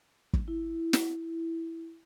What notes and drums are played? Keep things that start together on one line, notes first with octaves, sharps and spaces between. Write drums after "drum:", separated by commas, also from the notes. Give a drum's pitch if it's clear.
drum: kick
E4
drum: snare